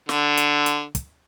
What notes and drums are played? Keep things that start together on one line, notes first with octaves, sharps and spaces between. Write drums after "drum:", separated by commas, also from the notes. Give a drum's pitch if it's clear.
D3, drum: snare
drum: hi-hat
drum: hi-hat
drum: kick, hi-hat